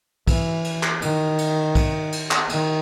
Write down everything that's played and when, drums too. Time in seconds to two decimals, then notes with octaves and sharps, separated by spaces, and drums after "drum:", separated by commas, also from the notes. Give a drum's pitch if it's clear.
0.28 E3, drum: kick, cymbal
0.64 drum: cymbal
0.83 drum: clap
1.02 D#3, drum: cymbal
1.38 drum: cymbal
1.75 drum: kick, cymbal
2.12 drum: cymbal
2.31 drum: clap
2.49 D#3, drum: cymbal